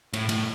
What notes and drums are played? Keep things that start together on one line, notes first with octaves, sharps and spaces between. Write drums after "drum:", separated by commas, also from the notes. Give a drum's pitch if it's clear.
A2, drum: cymbal
A2, drum: cymbal